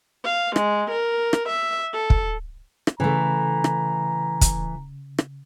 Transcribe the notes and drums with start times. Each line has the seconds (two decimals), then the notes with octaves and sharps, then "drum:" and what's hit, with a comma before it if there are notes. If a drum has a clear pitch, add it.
0.25 F5
0.56 G#3, drum: rim click
0.91 A#4
1.33 drum: rim click
1.49 E5
1.94 A4
2.10 drum: kick
2.87 drum: rim click
3.00 C#3 E3 A3 A#5
3.64 drum: rim click
4.41 drum: kick, hi-hat
5.18 drum: rim click